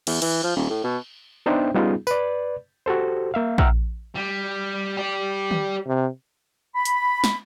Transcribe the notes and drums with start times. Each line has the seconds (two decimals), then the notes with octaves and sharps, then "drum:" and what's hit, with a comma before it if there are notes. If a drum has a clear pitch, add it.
0.07 E2, drum: cymbal
0.22 E3, drum: cymbal
0.43 F3
0.55 D#1
0.70 A2
0.84 B2
1.46 B3 D4 D#4 C5 E5 G5
1.74 G3 B3 C#4 D#4 F4 G#4
2.07 B4 D5, drum: tambourine
2.86 F#4 G4 A4 C5
3.34 A#3 E5 F5
3.58 E5 F#5 G5 A#5 E6 F6, drum: kick A#1
4.15 G3
4.97 G4 D5
5.51 drum: tom
5.87 C3
6.75 B5
6.85 drum: hi-hat
7.24 drum: snare